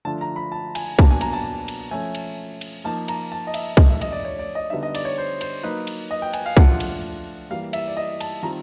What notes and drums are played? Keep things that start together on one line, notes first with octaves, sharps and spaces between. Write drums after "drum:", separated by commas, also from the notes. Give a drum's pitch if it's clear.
D3 F3 A3 D4 F4 A5
A#5
B5
A5
G#5, drum: cymbal
B2 F#3 A#3 D4 A5, drum: kick
G#5
A#5, drum: cymbal
A5
drum: cymbal
F3 A3 C#4 G#5
drum: cymbal
drum: cymbal
F3 A#3 D#4 A5
A#5, drum: cymbal
A5
D#5
E5, drum: cymbal
F3 A3 D4 D#5, drum: kick
E5
D#5, drum: cymbal
D5
C#5
D5
D#5
D3 G3 B3 D#4 E5
D#5
D5, drum: cymbal
C#5
C5
C5, drum: cymbal
F#3 A#3 D#4 B4
drum: cymbal
D#5
G5
G#5, drum: cymbal
F5
F3 A3 D4 F4 F#5, drum: kick
drum: cymbal
E3 G3 A#3 F5
E5, drum: cymbal
D5
D#5
A5, drum: cymbal
D#3 G3 C4 F4 A#5